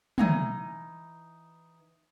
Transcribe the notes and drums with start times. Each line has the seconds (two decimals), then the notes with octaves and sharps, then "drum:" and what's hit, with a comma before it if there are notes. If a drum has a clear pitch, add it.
0.18 E3 D#4 G#5, drum: tom